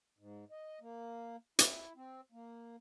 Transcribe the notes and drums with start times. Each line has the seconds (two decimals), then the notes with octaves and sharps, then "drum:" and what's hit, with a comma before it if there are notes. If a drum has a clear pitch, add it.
0.18 G#2
0.51 D#5
0.81 A#3
1.59 E4, drum: hi-hat
1.96 C4
2.32 A#3